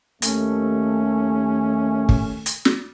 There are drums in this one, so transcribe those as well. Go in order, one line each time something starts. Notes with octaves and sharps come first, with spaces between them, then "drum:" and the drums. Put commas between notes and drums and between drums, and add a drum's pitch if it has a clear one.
D#2 A3 C#4, drum: hi-hat
drum: kick
drum: hi-hat
drum: snare